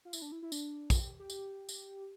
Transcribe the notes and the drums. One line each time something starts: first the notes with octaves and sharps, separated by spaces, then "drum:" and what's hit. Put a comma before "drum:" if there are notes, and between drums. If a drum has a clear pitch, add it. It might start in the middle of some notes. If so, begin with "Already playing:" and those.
F4
E4, drum: tambourine
D4
E4
E4
D4, drum: tambourine
F4, drum: kick, tambourine
G4
G4
drum: tambourine
drum: tambourine